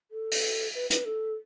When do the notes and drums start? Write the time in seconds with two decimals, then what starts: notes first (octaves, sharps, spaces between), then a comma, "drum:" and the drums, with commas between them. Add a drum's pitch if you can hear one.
0.11 A4
0.31 drum: open hi-hat
0.75 B4
0.90 B4, drum: hi-hat
1.05 A4